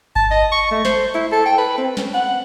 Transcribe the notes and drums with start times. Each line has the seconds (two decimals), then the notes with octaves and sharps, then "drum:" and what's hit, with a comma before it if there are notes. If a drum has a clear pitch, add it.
0.16 A5, drum: kick G1
0.31 D#5
0.52 C#6
0.71 A3
0.85 C5, drum: snare
1.15 E4
1.32 A4
1.46 G5
1.58 B4
1.78 C4
1.97 C#4, drum: snare
2.14 F#5